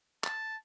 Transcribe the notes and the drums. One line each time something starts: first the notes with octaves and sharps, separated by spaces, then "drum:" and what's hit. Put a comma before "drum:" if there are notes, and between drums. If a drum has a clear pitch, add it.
A5, drum: clap